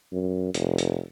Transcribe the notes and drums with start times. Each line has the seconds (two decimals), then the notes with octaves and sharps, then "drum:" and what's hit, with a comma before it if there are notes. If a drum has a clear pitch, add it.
0.13 F#2
0.54 F1, drum: hi-hat
0.78 drum: hi-hat